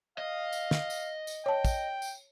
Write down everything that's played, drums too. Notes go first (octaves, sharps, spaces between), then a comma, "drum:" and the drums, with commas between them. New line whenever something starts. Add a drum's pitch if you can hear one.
D#5 F5
drum: tambourine
drum: snare
drum: tambourine
drum: tambourine
C#5 G5 A5
drum: kick, tambourine
drum: tambourine